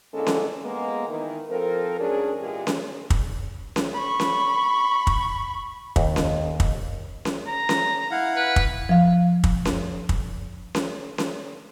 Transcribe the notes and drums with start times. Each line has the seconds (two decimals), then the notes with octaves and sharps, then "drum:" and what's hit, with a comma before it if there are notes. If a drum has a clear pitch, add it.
0.13 D3 G#3 A#3 C#4 E4 A4
0.27 drum: snare C#4
0.64 G#3 A#3 B3
1.08 D#3 E3
1.50 F3 C4 A4 A#4
2.00 G#2 F#3 C#4 D4 G#4
2.40 A#2 E3 G#3 G4 G#4
2.67 drum: snare C#4
3.10 drum: kick
3.76 drum: snare C#4
3.93 B5 C#6
4.20 drum: snare C#4
5.07 drum: kick
5.96 D#2, drum: kick
6.16 drum: snare C#4
6.60 drum: kick
7.25 drum: snare C#4
7.47 A#5
7.69 drum: snare C#4
8.11 E4 F5 F#5
8.36 B4
8.56 drum: kick
8.89 F3 F5
9.44 drum: kick
9.65 drum: snare C#4
10.09 drum: kick
10.75 drum: snare C#4
11.18 drum: snare C#4